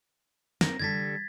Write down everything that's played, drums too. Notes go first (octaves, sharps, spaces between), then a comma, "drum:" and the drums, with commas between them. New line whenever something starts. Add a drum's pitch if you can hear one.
C4 A#4 A#6, drum: snare
D3 G3 A4 G#6 A6 B6